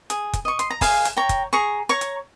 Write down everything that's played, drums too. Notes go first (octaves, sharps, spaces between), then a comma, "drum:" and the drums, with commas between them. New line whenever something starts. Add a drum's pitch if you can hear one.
G#4, drum: hi-hat
drum: kick, hi-hat
D#5 C#6
C6, drum: hi-hat
A#5
G#4 F5 G#5, drum: kick, open hi-hat
drum: hi-hat
C#5 G5 A#5
drum: kick, hi-hat
G#4 A#5 C#6
C#5 A#5 C#6
drum: hi-hat